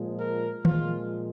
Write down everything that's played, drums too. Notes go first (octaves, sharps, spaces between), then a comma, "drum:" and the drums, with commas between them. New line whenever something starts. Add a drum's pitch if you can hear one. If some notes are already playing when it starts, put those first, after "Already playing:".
Already playing: A#2 F3 G#3
A#4
A#2 F3 G#3 F4, drum: tom D#3